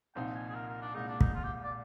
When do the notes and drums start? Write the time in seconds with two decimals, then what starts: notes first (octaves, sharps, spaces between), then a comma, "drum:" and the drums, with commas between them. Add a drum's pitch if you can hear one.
0.15 C2 A#2 F3 C4 D#4 G5
0.35 G#5
0.49 G#4
0.55 A#4
0.68 A#4
0.81 D4
0.94 C2 A#2 G#3 D#4
1.08 D4
1.21 D#4, drum: kick
1.34 F4
1.44 G4
1.63 D5